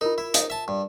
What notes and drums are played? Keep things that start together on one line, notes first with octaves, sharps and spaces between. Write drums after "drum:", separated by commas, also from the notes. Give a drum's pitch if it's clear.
D#4 F4 A#4
E4
D#4, drum: hi-hat
E5 A5
G2